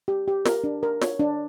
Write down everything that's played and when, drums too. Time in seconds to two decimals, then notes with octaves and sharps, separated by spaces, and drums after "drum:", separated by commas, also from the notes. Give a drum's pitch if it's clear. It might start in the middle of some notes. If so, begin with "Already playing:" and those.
0.08 G4
0.28 G4
0.45 A#4, drum: snare
0.64 D4
0.83 A#4
1.01 C#5, drum: snare
1.19 D4